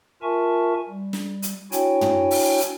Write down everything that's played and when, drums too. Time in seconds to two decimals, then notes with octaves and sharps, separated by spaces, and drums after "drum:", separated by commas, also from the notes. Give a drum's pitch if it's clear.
0.22 F4 A#4 E5 G#5 A5 C#6
0.89 G3
1.13 drum: snare
1.42 drum: hi-hat
1.72 D4 E4 F#4 C#5 G5 G#5, drum: hi-hat
2.01 drum: tom
2.31 drum: open hi-hat
2.60 drum: hi-hat